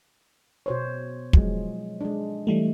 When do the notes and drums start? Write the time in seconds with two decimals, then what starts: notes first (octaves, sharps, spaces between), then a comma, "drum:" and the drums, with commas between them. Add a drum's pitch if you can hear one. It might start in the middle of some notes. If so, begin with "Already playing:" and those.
0.66 B2 C5 C#5
1.33 F3 F#3 G#3, drum: kick
2.01 G#3 D4
2.47 E3 G3 A3